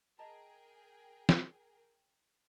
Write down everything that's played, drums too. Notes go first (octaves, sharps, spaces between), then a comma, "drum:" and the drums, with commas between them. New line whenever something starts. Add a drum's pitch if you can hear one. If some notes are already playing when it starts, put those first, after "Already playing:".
G#4 A#4 D#5 G5 A5 A#5
drum: snare